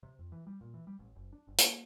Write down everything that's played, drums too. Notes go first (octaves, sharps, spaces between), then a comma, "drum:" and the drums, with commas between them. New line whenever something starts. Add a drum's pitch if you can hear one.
C3
F2
E3
G3
A#2
E3
G3
A1
F#1
D4
G1
A#3, drum: hi-hat